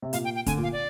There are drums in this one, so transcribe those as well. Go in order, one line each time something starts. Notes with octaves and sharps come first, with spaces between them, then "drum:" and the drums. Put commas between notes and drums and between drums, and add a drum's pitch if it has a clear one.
C3
A#2 F5, drum: hi-hat
G5
G5
D3 G#5, drum: kick, hi-hat
A#2
F5
D5